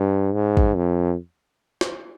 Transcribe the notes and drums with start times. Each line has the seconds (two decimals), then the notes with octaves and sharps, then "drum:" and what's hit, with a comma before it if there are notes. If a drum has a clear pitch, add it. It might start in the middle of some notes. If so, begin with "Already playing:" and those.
Already playing: G2
0.34 G#2
0.57 drum: kick A1
0.76 F2
1.81 drum: snare